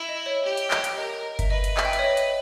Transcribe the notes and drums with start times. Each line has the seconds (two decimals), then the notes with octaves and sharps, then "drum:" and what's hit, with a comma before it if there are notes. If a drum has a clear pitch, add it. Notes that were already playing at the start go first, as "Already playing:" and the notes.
Already playing: E4
0.08 D#5
0.26 C#5
0.44 G4
0.57 drum: hi-hat
0.71 drum: clap
0.84 drum: hi-hat
0.97 A#4 D#5
1.39 E5, drum: kick G1, hi-hat
1.50 B4 D#5
1.64 drum: hi-hat
1.77 E5, drum: clap
1.85 G5
1.93 E5, drum: hi-hat
1.99 C#5
2.04 D#5
2.17 drum: hi-hat